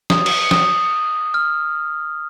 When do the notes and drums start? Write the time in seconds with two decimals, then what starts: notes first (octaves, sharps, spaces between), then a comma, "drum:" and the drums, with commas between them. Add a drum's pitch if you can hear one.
0.10 D#6, drum: snare
0.26 drum: cymbal
0.51 D#6, drum: snare
1.34 F6